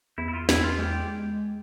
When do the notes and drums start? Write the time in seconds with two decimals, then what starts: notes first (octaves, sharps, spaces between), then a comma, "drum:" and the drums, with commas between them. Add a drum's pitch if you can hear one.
0.18 E2 E4
0.28 E4
0.33 F4
0.49 E2 E4, drum: snare
0.64 F4
0.79 G#3 G4